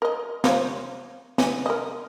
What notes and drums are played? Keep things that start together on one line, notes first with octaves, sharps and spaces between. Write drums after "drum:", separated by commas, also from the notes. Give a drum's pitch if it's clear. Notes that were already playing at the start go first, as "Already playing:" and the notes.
A#4 D#5
F4 C5 C#5, drum: snare
E3, drum: snare
A#4 D#5